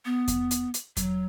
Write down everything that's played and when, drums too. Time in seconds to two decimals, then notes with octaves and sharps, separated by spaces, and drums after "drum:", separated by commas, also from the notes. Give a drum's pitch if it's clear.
0.05 B3
0.28 drum: kick E2, hi-hat
0.51 drum: hi-hat
0.74 drum: hi-hat
0.97 F#3, drum: kick E2, hi-hat